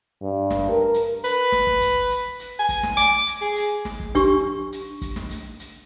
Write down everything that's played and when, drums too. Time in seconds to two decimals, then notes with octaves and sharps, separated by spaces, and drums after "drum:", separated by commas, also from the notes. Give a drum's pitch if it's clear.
0.23 G2
0.50 drum: snare
0.70 A#4
0.94 drum: hi-hat
1.24 B4, drum: hi-hat
1.52 drum: snare
1.67 drum: kick
1.81 drum: kick, hi-hat
2.11 drum: hi-hat
2.40 drum: hi-hat
2.59 G#5
2.69 drum: kick, hi-hat
2.83 drum: snare
2.97 D6, drum: hi-hat
3.27 drum: hi-hat
3.41 G#4
3.56 drum: hi-hat
3.85 drum: snare
4.00 drum: kick
4.15 D4 G4 C#6, drum: kick, hi-hat
4.72 drum: hi-hat
5.02 drum: kick, hi-hat
5.16 drum: snare
5.31 drum: hi-hat
5.60 drum: hi-hat